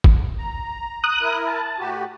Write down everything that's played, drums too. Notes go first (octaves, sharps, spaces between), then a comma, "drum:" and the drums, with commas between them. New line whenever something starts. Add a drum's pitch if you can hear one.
drum: kick
A#5
D#6 F#6
E4 A#4
A5
A2 F#4 G4